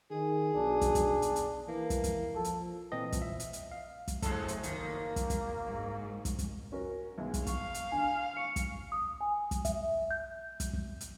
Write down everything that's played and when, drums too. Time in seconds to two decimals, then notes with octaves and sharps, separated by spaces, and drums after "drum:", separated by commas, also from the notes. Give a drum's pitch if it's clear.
0.11 D#3 G#4
0.55 B1 D4
0.81 drum: kick, hi-hat
0.95 drum: kick, hi-hat
1.22 drum: hi-hat
1.36 drum: hi-hat
1.68 E3 A#3
1.90 drum: kick, hi-hat
2.04 drum: kick, hi-hat
2.35 F3 A4
2.44 drum: hi-hat
2.92 A#2 E3 C4 D#5
3.12 drum: kick, hi-hat
3.22 E5
3.40 drum: hi-hat
3.53 drum: hi-hat
3.71 F5
4.08 drum: kick, hi-hat
4.22 F#1 F2 G#3 A3 A4, drum: kick, hi-hat
4.48 drum: hi-hat
4.63 D#3 A#3 C6, drum: hi-hat
5.16 drum: kick, hi-hat
5.30 drum: kick, hi-hat
5.66 G#2
6.25 drum: kick, hi-hat
6.39 drum: kick, hi-hat
6.72 C#4 F#4 A#4
7.18 B1 G#3
7.34 drum: kick, hi-hat
7.47 F5 C#6, drum: kick, hi-hat
7.74 drum: hi-hat
7.92 D3 G#5
8.37 C#6 C#7
8.56 drum: kick, hi-hat
8.92 D#6
9.21 G#5
9.51 drum: kick, hi-hat
9.65 E5, drum: kick, hi-hat
10.11 G6
10.60 drum: kick, hi-hat
10.73 drum: kick
11.01 drum: hi-hat